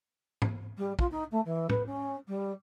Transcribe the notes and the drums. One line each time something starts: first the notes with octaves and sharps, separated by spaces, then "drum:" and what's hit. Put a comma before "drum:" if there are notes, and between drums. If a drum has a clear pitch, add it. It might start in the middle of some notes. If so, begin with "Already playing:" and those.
drum: tom G#2
G3
F4, drum: kick
D#4
A3
E3
B4, drum: tom A2
C#4
G3